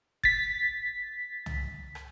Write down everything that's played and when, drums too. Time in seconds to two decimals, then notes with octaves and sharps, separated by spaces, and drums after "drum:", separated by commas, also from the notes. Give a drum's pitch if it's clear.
0.24 A6 B6, drum: kick F#1
1.46 drum: tom
1.95 drum: rim click